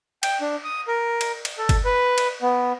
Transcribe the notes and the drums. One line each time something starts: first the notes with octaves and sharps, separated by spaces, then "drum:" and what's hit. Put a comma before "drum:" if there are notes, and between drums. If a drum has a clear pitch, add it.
G5, drum: cymbal
D4
D#6
A#4
drum: cymbal
drum: cymbal
A4
drum: kick, cymbal
B4
drum: cymbal
B3